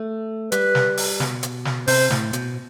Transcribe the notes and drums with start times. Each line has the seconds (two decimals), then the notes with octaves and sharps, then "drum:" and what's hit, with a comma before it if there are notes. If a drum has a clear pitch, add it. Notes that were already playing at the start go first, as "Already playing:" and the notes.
Already playing: A3
0.52 G3 B4, drum: hi-hat
0.75 drum: snare
0.97 drum: open hi-hat
1.20 B2, drum: snare
1.43 drum: hi-hat
1.65 drum: snare
1.87 C3 C5, drum: open hi-hat
2.10 A2, drum: snare
2.33 B2, drum: hi-hat